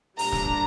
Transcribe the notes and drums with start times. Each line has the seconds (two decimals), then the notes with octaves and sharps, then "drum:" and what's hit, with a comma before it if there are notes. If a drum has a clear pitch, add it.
0.19 A#2 G3 D4 A#5, drum: open hi-hat
0.32 drum: snare
0.46 drum: kick